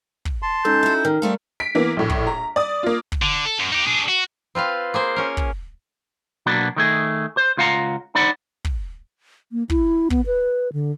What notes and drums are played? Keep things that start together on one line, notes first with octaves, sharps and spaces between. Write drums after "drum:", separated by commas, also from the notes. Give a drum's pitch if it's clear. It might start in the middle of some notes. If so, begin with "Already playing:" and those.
drum: kick
A5 C6
G#2 C#4 D#4 A4 G6
E4 F#4
D#3 A#4
G3 A3 C4 A4 F5
B6 D7
E3 A#3 B3
A#1 A2
drum: kick
A#5
D5 D#6
A#3 F4
drum: kick
D3
A4
F#2
D#4 G4
D4 G#4
F#4
C4 F4 B4 F5
A#3 G#4 C5
C#4 A#4
drum: kick
B2 F#3 A#3 B3 D4
D#3 A3 G#4
C5
C#2 F4 F5 F#5 A5 A#5
D#4 D5 F#5 B5
drum: kick
A#3
E4, drum: kick
B3, drum: kick
B4
D3